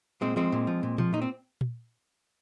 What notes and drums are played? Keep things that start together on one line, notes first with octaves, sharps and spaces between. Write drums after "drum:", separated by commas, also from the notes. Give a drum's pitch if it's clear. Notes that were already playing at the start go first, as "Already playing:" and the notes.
A#2 G#3 C4
F3 G#3 C4
A#2
F3
A#2
F3, drum: tom A#2
A#2 D#4
C4
drum: tom A#2